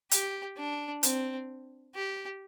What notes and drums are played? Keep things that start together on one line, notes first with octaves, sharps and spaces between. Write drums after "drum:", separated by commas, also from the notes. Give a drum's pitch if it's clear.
G4, drum: hi-hat
D4
C4, drum: hi-hat
G4